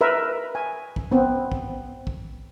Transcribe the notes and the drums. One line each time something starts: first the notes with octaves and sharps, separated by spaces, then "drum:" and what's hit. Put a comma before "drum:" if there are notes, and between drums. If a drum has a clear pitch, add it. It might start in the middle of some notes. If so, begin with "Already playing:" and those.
A#4 B4 E5
G#5
drum: kick
B3 C4
drum: kick
drum: kick